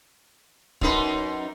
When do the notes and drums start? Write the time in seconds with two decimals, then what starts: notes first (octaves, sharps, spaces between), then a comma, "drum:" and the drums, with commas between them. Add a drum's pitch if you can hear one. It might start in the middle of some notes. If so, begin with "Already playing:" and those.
0.81 F#2 D#4 B4, drum: kick